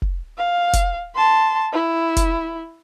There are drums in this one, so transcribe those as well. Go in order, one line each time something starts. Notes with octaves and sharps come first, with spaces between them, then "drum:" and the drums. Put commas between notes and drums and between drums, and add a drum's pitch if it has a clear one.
drum: kick
F5
drum: kick, hi-hat
A5 C6
E4
drum: kick, hi-hat